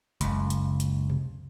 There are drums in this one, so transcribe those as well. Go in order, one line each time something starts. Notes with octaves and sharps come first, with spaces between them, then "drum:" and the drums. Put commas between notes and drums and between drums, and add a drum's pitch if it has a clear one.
F#1 C#2, drum: hi-hat
drum: hi-hat
drum: hi-hat
drum: tom B2